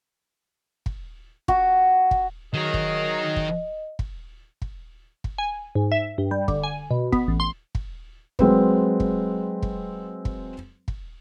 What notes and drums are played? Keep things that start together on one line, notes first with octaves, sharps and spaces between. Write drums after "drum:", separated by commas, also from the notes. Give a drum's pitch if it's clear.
drum: kick
F#4, drum: kick
drum: kick
D#3 F#3 F#4 G#4 A#4 D#5
drum: kick
drum: kick
drum: kick
drum: kick
drum: kick
G#5
G#2
E5
G2
G3
D3, drum: kick
G#5
B2
B3, drum: kick
A1
C6
drum: kick
F#3 G#3 C4 B4, drum: kick
drum: kick
drum: kick
drum: kick
drum: kick